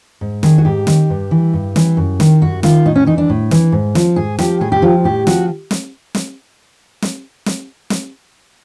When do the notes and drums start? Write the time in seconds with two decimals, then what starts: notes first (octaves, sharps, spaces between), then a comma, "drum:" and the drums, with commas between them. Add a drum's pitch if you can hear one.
0.21 G#2
0.43 D#3 G#4, drum: snare
0.58 F#4
0.65 G#2 G4
0.87 D#3, drum: snare
1.10 G2
1.31 E3
1.53 G2
1.76 E3, drum: snare
1.97 F#2
2.20 D#3, drum: snare
2.42 F#2 F#4
2.63 D#3 F4, drum: snare
2.85 A2 D#4
2.95 C#4
3.06 E3 D#4
3.18 D4
3.30 A2
3.51 E3, drum: snare
3.72 G#2
3.95 F3, drum: snare
4.16 G#2 G#4
4.39 F3 G4, drum: snare
4.61 A2 G#4
4.72 G4
4.82 F3 F4
5.04 A2 G4
5.27 F3 F#4, drum: snare
5.71 drum: snare
6.15 drum: snare
7.02 drum: snare
7.46 drum: snare
7.90 drum: snare